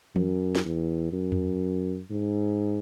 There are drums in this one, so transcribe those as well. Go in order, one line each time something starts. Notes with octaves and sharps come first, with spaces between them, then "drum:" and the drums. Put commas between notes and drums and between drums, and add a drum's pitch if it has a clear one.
F#2, drum: tom E3
drum: snare
E2
F#2
drum: tom E2
G#2